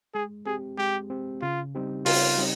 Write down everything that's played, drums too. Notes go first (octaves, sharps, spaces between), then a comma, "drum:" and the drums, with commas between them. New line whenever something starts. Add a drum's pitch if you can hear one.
G#3 G#4
C4 G4 G#4
G#3 G4
C4 G4
C#3 F4
G3 C4 D#4 G4
C#3 F4, drum: open hi-hat
G3 C4 D#4